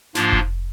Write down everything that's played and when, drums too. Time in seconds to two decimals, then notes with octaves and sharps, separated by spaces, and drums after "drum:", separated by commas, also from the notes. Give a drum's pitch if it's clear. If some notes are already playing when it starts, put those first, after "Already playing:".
0.15 G#2 F3 A#3 D4 F4, drum: snare
0.32 drum: kick F1